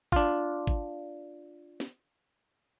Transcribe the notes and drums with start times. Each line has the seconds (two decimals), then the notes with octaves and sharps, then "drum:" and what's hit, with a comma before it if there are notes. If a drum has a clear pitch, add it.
0.12 D4 F4, drum: kick G#1
0.67 drum: kick G#1
1.80 drum: snare